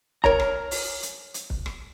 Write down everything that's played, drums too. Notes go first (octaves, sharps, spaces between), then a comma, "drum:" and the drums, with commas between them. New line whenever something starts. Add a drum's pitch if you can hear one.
A#4 C#5 A#5, drum: kick
drum: rim click
drum: open hi-hat
drum: hi-hat
drum: hi-hat
drum: kick
drum: rim click